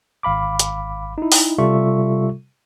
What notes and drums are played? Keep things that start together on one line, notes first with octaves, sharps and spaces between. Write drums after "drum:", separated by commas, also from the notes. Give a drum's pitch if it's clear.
G#1 F5 B5 D6
drum: hi-hat
D#4 E4
drum: open hi-hat
C3 G3 F4 A4 E5 C#6